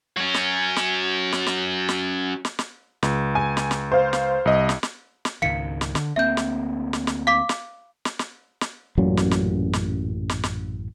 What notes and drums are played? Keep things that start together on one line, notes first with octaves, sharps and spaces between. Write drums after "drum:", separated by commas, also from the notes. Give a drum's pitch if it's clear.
F#3 C#4
drum: snare
drum: snare
drum: snare
drum: snare
drum: snare
drum: snare
drum: snare
C#2, drum: snare
G#5
drum: snare
drum: snare
C5 F5
drum: snare
C2 D#5
drum: snare
drum: snare
drum: snare
C#2 G#2 D#3 F5 C#7
drum: snare
D3, drum: snare
D2 A#3 C4 E5 G6
drum: snare
drum: snare
drum: snare
F5 D6 B6
drum: snare
drum: snare
drum: snare
drum: snare
A1 F#2 A#2 F#3
drum: snare
drum: snare
drum: snare
drum: snare
drum: snare